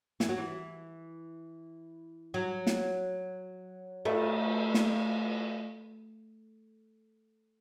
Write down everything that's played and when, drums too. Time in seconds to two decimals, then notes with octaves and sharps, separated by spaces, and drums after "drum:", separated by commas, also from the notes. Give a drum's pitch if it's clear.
0.20 E3, drum: snare
0.29 F#3
0.38 E3
2.34 F#3
2.67 drum: snare
4.05 A3, drum: cymbal
4.74 drum: snare